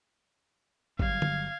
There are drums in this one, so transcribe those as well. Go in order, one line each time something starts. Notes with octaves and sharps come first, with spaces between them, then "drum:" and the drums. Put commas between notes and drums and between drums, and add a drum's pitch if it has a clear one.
G1 F#3 G3 F5 G#6, drum: kick G#1
drum: tom D3